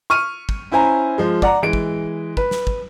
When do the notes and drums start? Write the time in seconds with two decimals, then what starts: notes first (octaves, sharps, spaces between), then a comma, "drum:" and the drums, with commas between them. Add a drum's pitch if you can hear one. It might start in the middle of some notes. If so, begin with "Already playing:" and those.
0.10 C#6 F6 D#7
0.49 drum: kick
0.72 C#4 E4 C5 G#5 A#5
1.18 F3 G#3
1.42 D5 F#5 A#5, drum: kick
1.62 E3 G#3 D7
1.73 drum: kick
2.37 B4, drum: kick
2.51 drum: snare
2.67 drum: kick